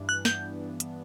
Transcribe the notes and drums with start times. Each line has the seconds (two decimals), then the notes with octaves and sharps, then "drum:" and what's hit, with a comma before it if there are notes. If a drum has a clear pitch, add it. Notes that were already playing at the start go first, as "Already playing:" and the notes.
Already playing: G2 E3 D4
0.09 F#6
0.25 B3 G6, drum: snare
0.80 drum: hi-hat